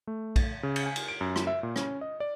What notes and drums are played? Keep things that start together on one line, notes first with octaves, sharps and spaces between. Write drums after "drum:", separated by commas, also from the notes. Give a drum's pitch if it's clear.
A3
drum: kick, cymbal
C#3
drum: cymbal
G#5
drum: cymbal
D7
F#2
drum: rim click
E5
A#2
C#4, drum: rim click
D#5
D5